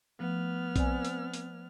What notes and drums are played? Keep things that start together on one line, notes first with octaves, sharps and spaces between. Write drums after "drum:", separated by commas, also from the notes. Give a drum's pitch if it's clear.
F3 A3 B3 F6
C4 C5 D5 G#5, drum: kick A#1, hi-hat
drum: hi-hat
drum: hi-hat